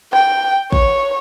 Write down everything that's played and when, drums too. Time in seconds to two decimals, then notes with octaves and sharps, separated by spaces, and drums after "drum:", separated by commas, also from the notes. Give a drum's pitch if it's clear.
0.13 G5, drum: rim click
0.72 C#5, drum: kick